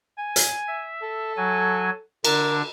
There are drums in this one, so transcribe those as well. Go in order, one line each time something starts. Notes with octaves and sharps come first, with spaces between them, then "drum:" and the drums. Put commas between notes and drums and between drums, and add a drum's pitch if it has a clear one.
G#5
drum: hi-hat
E5
A4
F#3 G#5
D3 D4 A#4, drum: cymbal